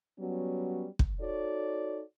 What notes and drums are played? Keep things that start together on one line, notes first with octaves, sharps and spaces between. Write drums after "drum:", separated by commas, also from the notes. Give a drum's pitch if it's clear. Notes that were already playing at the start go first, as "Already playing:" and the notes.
F#3 G3 B3 C#4 F#4
drum: kick
D#4 F#4 A4 C#5 D5